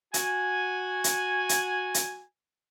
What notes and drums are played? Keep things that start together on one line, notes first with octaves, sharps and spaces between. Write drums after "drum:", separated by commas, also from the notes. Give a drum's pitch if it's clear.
F#4 G#5, drum: hi-hat
drum: hi-hat
drum: hi-hat
drum: hi-hat